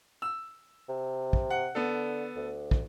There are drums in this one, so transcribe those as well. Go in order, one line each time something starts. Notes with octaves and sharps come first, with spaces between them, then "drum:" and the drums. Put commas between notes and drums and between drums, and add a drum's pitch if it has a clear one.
E6
C3
drum: kick
F#5
D3 B3 A4
D2
drum: kick